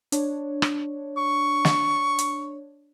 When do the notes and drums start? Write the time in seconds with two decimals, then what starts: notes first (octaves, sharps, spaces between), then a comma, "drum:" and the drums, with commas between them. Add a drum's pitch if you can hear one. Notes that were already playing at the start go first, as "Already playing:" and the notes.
0.12 D4 C#5, drum: hi-hat
0.62 drum: rim click
1.17 C#6
1.65 drum: snare
2.19 drum: hi-hat